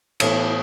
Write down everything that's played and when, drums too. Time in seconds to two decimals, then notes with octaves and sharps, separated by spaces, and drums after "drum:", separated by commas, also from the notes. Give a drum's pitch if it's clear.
0.20 A2 E3 B3 A4 C#5, drum: cymbal